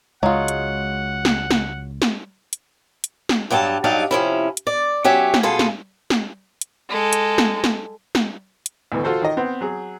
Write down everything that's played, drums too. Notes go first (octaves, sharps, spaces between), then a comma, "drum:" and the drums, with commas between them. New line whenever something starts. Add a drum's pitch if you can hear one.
C#2 F#3 G#3 F4 C#5 D#5 F#5
drum: hi-hat
drum: snare
drum: snare
drum: snare
drum: hi-hat
drum: hi-hat
drum: snare
G2 F#3 G3 G4 A5
G2 F#3 D#4 D5 F5 A5
C3 F3 C#4 E4
drum: hi-hat
D5
F#3 C#4 G4 E5
drum: snare
B2 F4 G#4 A4
drum: snare
drum: snare
drum: hi-hat
G#3 A4
drum: hi-hat
drum: snare
drum: snare
drum: snare
drum: hi-hat
D2 B2 E3 A3
F4 F#4 A4 C5
D#3 D#5
B3 C4
F#3 G#4